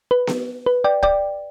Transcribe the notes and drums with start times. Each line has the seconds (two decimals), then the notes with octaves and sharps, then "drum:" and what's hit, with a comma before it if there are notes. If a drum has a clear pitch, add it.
0.11 B4
0.27 drum: snare B3
0.66 B4
0.84 D5 G5
1.03 D5 G5, drum: kick